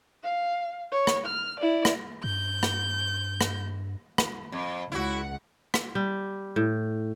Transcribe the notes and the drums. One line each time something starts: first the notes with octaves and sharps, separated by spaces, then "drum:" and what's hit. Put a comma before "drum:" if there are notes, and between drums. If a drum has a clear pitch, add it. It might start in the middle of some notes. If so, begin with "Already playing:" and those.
F5
C#5
drum: rim click
F6
E4 D5
drum: rim click
G2 G6
drum: rim click
drum: rim click
drum: rim click
F2
C#2 E4 F#4 F#5
drum: rim click
G3
A2